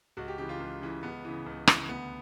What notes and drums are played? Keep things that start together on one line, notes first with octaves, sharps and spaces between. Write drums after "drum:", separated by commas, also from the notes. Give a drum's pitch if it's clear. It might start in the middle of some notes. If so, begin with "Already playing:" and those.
C#2 F#4
G4
C#3 E3 G4
F4
C#2
C#3 E3
C#2 B3
C#3 E3
C#2
C#3 E3, drum: rim click
D2 B3